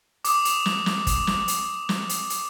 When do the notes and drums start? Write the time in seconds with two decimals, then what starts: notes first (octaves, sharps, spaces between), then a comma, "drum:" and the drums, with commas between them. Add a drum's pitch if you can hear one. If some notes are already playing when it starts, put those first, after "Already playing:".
0.25 D6 D#6, drum: hi-hat
0.45 drum: hi-hat
0.66 drum: snare
0.86 drum: snare
1.07 drum: kick, hi-hat
1.27 drum: snare
1.48 drum: hi-hat
1.89 drum: snare
2.09 drum: hi-hat
2.30 drum: hi-hat